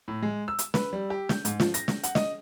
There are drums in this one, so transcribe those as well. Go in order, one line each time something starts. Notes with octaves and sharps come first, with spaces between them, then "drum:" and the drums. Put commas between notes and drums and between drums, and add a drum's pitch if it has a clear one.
A2
G#3
E6
drum: hi-hat
B4, drum: snare
G3
G4
G6, drum: snare
G#2, drum: hi-hat
F3, drum: snare
A#6, drum: hi-hat
drum: snare
F#5, drum: hi-hat
D#5, drum: snare